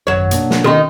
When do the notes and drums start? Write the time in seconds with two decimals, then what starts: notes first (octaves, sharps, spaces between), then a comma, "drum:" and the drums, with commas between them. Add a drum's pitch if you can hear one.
0.07 G#1 F#2 F#3 C#5
0.31 B2 A#3 D4, drum: hi-hat
0.50 drum: snare
0.64 D#3 C#4 D#4 F#4 A4